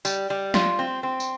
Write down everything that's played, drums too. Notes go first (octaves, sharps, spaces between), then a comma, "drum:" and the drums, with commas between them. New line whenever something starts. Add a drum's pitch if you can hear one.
G3, drum: tambourine
G3
F4, drum: snare
C4
C4
drum: tambourine